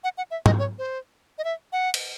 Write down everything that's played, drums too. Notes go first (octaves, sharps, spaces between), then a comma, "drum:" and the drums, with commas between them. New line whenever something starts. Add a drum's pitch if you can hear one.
F#5
F#5
E5
D#5, drum: tom G#2
C#5
C5
D#5
E5
F#5
drum: cymbal